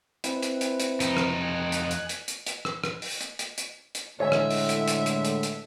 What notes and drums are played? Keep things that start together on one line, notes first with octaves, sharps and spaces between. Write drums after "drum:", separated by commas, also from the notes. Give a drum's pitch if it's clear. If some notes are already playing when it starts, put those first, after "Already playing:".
C4 E4 B4, drum: hi-hat
drum: hi-hat
drum: hi-hat
drum: hi-hat
F2 D#4, drum: hi-hat
drum: rim click
G#5 F#6
drum: hi-hat
drum: hi-hat
drum: hi-hat
drum: hi-hat
drum: hi-hat
drum: rim click
drum: rim click
drum: open hi-hat
drum: hi-hat
drum: hi-hat
drum: hi-hat
drum: hi-hat
A2 D3 G#3 C#5 D#5 E5 G#5
drum: rim click
drum: open hi-hat
drum: hi-hat
drum: hi-hat
drum: hi-hat
drum: hi-hat
drum: hi-hat